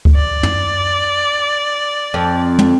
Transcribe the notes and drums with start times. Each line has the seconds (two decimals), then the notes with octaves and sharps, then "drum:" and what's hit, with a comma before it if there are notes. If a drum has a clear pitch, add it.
0.05 drum: kick C#2
0.15 D5
0.43 drum: tom
2.14 F2
2.59 drum: tom